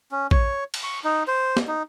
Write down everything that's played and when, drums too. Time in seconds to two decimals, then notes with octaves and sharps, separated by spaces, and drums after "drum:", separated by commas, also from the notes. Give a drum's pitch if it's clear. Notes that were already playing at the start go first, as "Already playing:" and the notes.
0.12 C#4
0.31 C#5, drum: kick A#1
0.74 drum: cymbal
0.83 C#6
1.04 D#4
1.28 C5
1.57 drum: snare
1.68 D#4